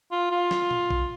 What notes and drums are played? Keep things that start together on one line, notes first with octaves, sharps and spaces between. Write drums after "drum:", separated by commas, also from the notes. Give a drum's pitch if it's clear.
F4
F4
drum: snare
drum: tom A#2
drum: kick A#1